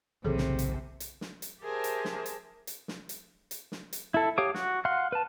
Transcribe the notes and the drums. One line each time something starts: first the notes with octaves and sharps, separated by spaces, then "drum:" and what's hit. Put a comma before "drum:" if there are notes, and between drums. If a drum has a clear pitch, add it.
F#1 B1 A2 C3 D#3 E3 G#4 A4
drum: snare
drum: hi-hat
drum: hi-hat
drum: snare
drum: hi-hat
G4 G#4 A#4 C5 E5 A5
drum: hi-hat
drum: snare
drum: hi-hat
drum: hi-hat
drum: snare
drum: hi-hat
drum: hi-hat
drum: snare
drum: hi-hat
E4 A4
G4 C#5 F5 D6 D#6
F#4, drum: snare
F5 F#5 C6
B4 A5